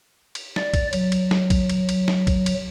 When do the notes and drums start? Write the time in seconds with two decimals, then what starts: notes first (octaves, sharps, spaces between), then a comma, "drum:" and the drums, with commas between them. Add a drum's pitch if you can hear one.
0.35 drum: cymbal
0.56 D5, drum: snare
0.74 drum: kick B1, cymbal
0.93 F#3, drum: cymbal
1.12 drum: cymbal
1.31 drum: snare
1.50 drum: kick B1, cymbal
1.70 drum: cymbal
1.89 drum: cymbal
2.08 drum: snare
2.27 drum: kick B1, cymbal
2.46 drum: cymbal